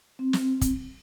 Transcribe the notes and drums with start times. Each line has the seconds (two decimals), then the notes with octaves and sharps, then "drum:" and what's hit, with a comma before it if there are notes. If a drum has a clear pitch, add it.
0.19 C4
0.33 drum: snare
0.61 drum: kick, hi-hat